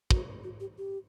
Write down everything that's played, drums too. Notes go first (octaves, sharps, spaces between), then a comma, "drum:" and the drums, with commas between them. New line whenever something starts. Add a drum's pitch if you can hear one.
F#4, drum: kick
F#4
G4
G4